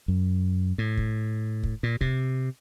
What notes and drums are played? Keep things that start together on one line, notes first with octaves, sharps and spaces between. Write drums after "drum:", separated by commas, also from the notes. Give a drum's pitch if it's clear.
F#2
A2
drum: kick
drum: kick
A#2
C3, drum: kick